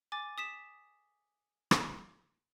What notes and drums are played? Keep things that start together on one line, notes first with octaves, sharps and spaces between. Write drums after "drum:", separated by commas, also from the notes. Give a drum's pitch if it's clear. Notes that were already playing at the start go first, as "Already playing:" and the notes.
G#5 D6 A6
D#6 B6 E7
drum: rim click